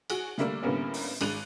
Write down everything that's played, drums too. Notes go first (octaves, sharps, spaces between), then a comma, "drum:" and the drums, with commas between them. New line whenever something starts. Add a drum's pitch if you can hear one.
F#4 G#4, drum: cymbal
D3 G3 A3 A#3 D4, drum: snare
A2 D3 G3 A#3 B3 C#4
drum: open hi-hat
G#1 G#3 D4 F#6 D#7 F7, drum: cymbal